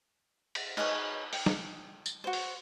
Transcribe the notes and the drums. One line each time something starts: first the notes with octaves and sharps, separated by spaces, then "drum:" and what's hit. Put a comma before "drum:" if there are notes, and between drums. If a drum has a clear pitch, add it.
drum: cymbal
D#4 G#4 B4 C#5, drum: cymbal
G5, drum: open hi-hat
drum: snare
drum: tambourine
F#4 C5
drum: open hi-hat